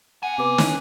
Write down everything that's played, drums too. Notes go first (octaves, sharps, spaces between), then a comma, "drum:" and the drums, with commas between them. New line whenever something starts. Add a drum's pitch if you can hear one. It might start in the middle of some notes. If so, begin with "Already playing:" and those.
A#4 F#5 G#5
C3 B3 D6
E3 C#4 F#6, drum: snare